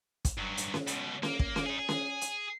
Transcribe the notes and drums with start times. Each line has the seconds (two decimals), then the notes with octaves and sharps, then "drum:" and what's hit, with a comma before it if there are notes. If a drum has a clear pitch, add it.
0.25 drum: kick, hi-hat
0.37 G2 F#3
0.57 drum: hi-hat
0.74 drum: snare C#4
0.87 C#2 B2, drum: hi-hat
1.23 A#3, drum: snare C#4
1.39 drum: kick
1.56 drum: snare C#4
1.66 D#4 G#4
1.79 G#4
1.89 drum: snare C#4
2.21 drum: hi-hat